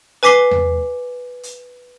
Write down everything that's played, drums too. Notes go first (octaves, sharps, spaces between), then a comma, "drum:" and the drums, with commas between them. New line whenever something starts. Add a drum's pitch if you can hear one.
B4 G#5 D6 B6 C7 G7
drum: tom E2
drum: hi-hat